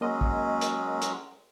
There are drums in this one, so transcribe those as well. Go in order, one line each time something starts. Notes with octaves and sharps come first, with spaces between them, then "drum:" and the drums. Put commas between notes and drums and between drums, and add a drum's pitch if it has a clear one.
F#3 G#3 A#3 C#4 D#5
drum: kick
drum: hi-hat
drum: hi-hat